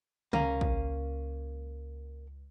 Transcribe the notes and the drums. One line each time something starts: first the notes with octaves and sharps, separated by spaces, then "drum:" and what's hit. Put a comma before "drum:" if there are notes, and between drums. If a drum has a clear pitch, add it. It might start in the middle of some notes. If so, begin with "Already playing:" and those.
C#2 A#3 C#4, drum: tom
drum: kick